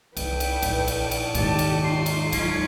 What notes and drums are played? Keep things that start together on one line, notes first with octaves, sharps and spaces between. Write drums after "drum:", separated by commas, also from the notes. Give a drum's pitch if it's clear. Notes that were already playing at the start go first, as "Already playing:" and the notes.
C2 B4 G5, drum: cymbal
drum: cymbal
A#1, drum: cymbal
drum: cymbal
drum: cymbal
D#2 G#2 C3 D#3 G4 A5, drum: cymbal
drum: cymbal
D#4 F4 C6
drum: cymbal
F#3 C#4 D#4 F4, drum: cymbal